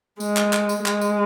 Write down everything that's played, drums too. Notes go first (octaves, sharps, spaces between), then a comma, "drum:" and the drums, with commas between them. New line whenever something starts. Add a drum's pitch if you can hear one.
G#3, drum: tambourine
drum: clap
drum: clap
drum: tambourine
G#3, drum: clap
drum: tambourine